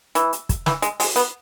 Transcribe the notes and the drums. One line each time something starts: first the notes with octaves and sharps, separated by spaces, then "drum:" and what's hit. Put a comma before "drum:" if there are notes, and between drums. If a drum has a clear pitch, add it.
E3, drum: hi-hat
drum: hi-hat
drum: kick, hi-hat
E3, drum: snare
G#3, drum: hi-hat
G#3, drum: open hi-hat
B3, drum: hi-hat